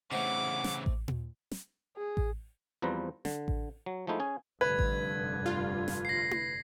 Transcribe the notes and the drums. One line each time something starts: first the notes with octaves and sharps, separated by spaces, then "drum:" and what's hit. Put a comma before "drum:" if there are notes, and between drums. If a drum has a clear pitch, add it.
C#3 E3 A3 C4 D#4 F#5 D6
drum: snare
drum: kick A1
drum: tom A#2
drum: snare
G#4
drum: kick A1
E2 F3 G3 C4 B4 A#5
D3, drum: snare
drum: kick A1
F#3
F3 G#3 A3 D#4 E4
C#4 G#4 G#5
F1 G2 D3 B4 G#6
drum: kick A1
F4
drum: snare
A#6 C7
drum: tom E4